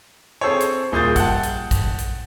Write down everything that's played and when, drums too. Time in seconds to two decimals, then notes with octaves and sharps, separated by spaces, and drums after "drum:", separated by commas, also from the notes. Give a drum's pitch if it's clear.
0.41 C4 G#4 A4 C5 C#5
0.61 drum: hi-hat
0.92 D#1 A#2 G#4 D#6 G6 A6
1.16 F#5 G5 A5, drum: kick, hi-hat
1.44 drum: hi-hat
1.71 drum: kick, hi-hat
1.99 drum: hi-hat